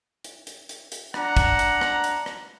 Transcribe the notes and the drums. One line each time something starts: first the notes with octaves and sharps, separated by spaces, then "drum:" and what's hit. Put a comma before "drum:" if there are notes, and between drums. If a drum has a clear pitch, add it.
drum: hi-hat
drum: hi-hat
drum: hi-hat
drum: hi-hat
D4 F#5 A#5, drum: rim click
drum: kick, hi-hat
drum: hi-hat
drum: rim click
drum: hi-hat
drum: rim click